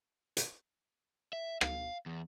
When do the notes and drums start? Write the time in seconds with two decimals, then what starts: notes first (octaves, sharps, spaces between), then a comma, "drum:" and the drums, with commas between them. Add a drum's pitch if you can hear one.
0.37 drum: hi-hat
1.33 E5
1.61 F5, drum: rim click
2.06 E2